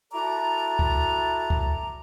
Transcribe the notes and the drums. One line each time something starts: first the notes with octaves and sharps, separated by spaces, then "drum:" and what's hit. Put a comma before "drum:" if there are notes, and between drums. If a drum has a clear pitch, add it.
E4 F#4 A4 D5 A5 A#5
drum: kick C#2
drum: kick C#2